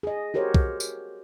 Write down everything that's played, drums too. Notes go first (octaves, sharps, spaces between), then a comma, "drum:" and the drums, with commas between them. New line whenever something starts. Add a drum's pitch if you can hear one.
G#4 D#5
F#4 G4 A#4 C5 C#5
drum: kick
drum: tambourine